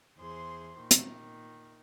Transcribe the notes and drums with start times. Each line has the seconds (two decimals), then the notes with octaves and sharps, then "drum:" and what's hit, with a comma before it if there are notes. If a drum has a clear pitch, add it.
0.19 E2 G#4 C5 C6
0.79 A#2 D#3
0.91 drum: hi-hat